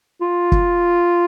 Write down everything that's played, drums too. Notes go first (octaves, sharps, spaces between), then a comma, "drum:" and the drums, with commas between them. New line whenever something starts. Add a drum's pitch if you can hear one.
F4
drum: kick